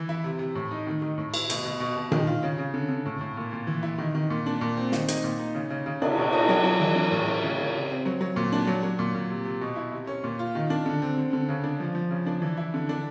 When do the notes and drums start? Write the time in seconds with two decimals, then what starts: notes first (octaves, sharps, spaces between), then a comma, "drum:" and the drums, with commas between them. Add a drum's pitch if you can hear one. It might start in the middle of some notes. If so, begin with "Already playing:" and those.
Already playing: E3
0.09 E4
0.24 C3
0.39 C3
0.55 A2
0.71 D#4
0.87 D#3
1.02 D#3
1.18 A2
1.34 E4, drum: cymbal
1.50 B2, drum: hi-hat
1.65 B2
1.80 B2
1.96 B2
2.12 D#3, drum: tom A#2
2.27 F4
2.43 C#3
2.58 C#3
2.74 D3
2.89 D3
3.06 A2
3.21 A2
3.37 A#2
3.53 A#2
3.67 E3
3.83 E4
3.98 D#3
4.15 D#3
4.30 A#2
4.46 D4
4.61 A#2
4.77 C4
4.92 D#3, drum: snare
5.08 D#4, drum: hi-hat
5.24 A#2
5.39 D#4
5.54 C#3
5.70 C#3
5.86 C#3
6.02 D4, drum: cymbal
6.18 B2
6.33 D#4, drum: cymbal
6.49 F#3
6.64 F#3
6.80 E3
6.95 D4
7.12 A2
7.27 C#4
7.42 C#3
7.58 C#3
7.74 C3
7.90 C4
8.06 F#3
8.21 F#3
8.36 A#2
8.52 D4
8.67 F#3
8.83 F#3
8.99 A#2
9.15 A#2
9.30 C3
9.45 C3
9.61 B2
9.76 E4
9.92 C3
10.07 C#4
10.24 A#2
10.39 F4
10.55 D#3
10.70 D4
10.86 D3
11.02 C4
11.18 D3
11.33 D3
11.49 C#3
11.64 D4
11.80 F3
11.95 F3
12.11 C#3
12.26 D4
12.42 E3
12.58 E4
12.74 D3
12.89 D4